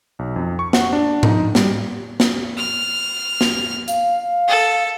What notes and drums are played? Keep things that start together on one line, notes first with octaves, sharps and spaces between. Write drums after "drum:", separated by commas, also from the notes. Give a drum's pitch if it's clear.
B1
F2
C#6
F#5, drum: snare
D4
D#4, drum: tom G#2
G3, drum: snare
drum: snare
F6
drum: snare
F5, drum: hi-hat
A4